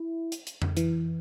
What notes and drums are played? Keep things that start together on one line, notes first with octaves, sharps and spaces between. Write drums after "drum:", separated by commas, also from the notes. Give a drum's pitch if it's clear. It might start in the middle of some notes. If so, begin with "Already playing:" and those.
Already playing: E4
drum: hi-hat
drum: hi-hat
drum: tom F2
E3, drum: hi-hat